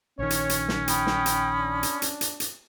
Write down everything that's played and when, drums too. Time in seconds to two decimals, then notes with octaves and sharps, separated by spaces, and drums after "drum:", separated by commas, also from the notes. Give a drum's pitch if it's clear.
0.19 A#1 D#3 C#4 C#5
0.30 drum: hi-hat
0.49 drum: hi-hat
0.69 drum: snare
0.88 G5 B5 D#6, drum: hi-hat
1.07 drum: snare
1.26 drum: hi-hat
1.58 D4
1.83 drum: hi-hat
2.02 drum: hi-hat
2.21 drum: hi-hat
2.40 drum: hi-hat